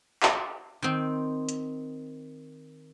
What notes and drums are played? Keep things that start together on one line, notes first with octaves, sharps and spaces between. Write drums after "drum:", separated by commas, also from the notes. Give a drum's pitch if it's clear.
drum: clap
D#3 C4
drum: hi-hat